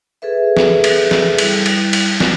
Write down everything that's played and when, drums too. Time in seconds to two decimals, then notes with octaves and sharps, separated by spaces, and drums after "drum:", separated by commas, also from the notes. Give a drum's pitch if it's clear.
0.22 G#4 A4 B4 E5
0.57 drum: snare
0.84 drum: cymbal
1.11 drum: snare
1.38 G3 E4, drum: cymbal
1.66 drum: cymbal
1.93 drum: cymbal
2.20 drum: snare